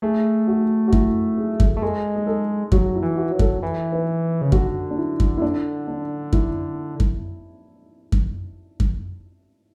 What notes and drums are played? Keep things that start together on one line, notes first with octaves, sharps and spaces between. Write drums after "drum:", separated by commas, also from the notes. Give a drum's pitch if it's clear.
A3 G#4
F#4
F#4
E4, drum: kick F#2
G#4
drum: kick F#2
A3
G#3 A4
G#4
A4
F#3 F#4, drum: kick F#2
E4
E3
F#4
F#3
A4, drum: kick F#2
E3
B4
C#3
D3 F#4, drum: kick F#2
D4
E4
drum: kick F#2
E4
D4
D4
E4, drum: kick F#2
drum: kick F#2
drum: kick F#2
drum: kick F#2